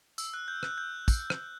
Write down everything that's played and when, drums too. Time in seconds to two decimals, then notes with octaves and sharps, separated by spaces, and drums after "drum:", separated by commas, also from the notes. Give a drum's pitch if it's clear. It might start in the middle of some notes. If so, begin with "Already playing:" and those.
0.18 E6, drum: tambourine
0.34 F#6
0.48 G6
0.63 F#6, drum: rim click
0.78 G6
1.08 drum: kick, tambourine
1.30 drum: rim click